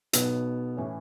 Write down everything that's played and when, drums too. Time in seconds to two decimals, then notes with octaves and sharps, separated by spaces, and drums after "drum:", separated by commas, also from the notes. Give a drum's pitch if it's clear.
0.13 B1 B2 B3, drum: hi-hat
0.77 A2 E3 C#4